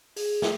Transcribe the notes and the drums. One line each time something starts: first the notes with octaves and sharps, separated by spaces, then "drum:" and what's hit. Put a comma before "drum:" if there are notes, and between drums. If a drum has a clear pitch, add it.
G#4, drum: open hi-hat
drum: snare